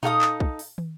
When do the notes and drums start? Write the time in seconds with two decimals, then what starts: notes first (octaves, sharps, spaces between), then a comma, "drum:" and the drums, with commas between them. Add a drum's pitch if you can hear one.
0.03 D#4 A4 F5 D#6, drum: tom A#2
0.22 drum: clap
0.40 drum: kick
0.59 drum: open hi-hat
0.78 drum: tom